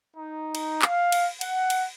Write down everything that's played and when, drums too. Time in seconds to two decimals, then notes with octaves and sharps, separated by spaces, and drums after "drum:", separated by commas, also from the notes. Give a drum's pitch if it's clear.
0.16 D#4
0.55 drum: cymbal
0.82 F5, drum: clap
1.12 drum: cymbal
1.41 F#5, drum: cymbal
1.70 drum: cymbal